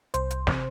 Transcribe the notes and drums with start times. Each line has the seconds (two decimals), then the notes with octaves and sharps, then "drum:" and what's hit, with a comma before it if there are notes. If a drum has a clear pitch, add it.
0.14 C2 C5, drum: hi-hat
0.31 drum: hi-hat
0.47 C3, drum: snare